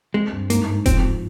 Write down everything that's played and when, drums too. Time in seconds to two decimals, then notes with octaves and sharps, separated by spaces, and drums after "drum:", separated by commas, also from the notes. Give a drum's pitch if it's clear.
0.14 G#3 C4
0.33 G2
0.50 G#2 A#3, drum: hi-hat
0.68 G#2
0.86 F3 C4, drum: kick E1, hi-hat
1.03 F3